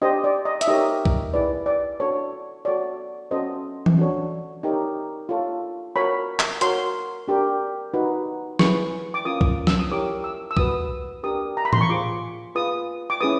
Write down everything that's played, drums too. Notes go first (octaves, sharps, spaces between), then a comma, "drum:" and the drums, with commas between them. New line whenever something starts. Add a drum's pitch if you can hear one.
D4 G4 C5 D#5
D5
D#5
E5, drum: hi-hat
D#4 G4 A#4 C#5 D#5
drum: kick
E4 G#4 B4 D5
D5
D4 F#4 A4 C#5
F#4 A4 C#5 D5
C#4 F#4 A4 C5 D#5
drum: tom E3
D4 F#4 A4 C#5
D#4 G4 A#4 C#5
F4 A4 C#5
F#4 A#4 C#5 B5
drum: clap
F#4 A#4 C#5 C6, drum: hi-hat
D4 G4 A#4
D#4 F#4 B4
E4 G#4 B4 C#6, drum: snare
D6
C#4 F4 A#4 D#6
drum: kick
E6, drum: snare
D#6
E4 G4 A#4 C#5 D6
E6
E6
F#4 B4 D#6, drum: kick
D4 G4 A#4 D#6
A#5
B5
C6, drum: tom A2
C#6
F4 G#4 C5 D6
F4 G#4 B4 D#6
D6
C#4 E4 G#4 B4 D#6